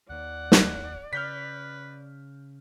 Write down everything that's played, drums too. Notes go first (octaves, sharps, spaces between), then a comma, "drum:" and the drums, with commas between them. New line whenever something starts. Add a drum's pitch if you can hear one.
D#2 D#3 D5 F#5
drum: snare
C#3 B4 F6 G6 B6